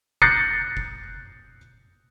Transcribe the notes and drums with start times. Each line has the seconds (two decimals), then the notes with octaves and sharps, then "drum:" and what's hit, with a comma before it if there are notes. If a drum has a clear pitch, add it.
0.22 F#6 G6 A6 A#6 C7 C#7, drum: kick F1
0.77 drum: kick F1